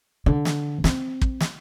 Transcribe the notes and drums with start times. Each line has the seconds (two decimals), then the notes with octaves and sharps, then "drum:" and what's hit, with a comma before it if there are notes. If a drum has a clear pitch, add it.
0.26 D3
0.45 drum: snare
0.84 C4, drum: snare
1.21 drum: kick
1.41 drum: snare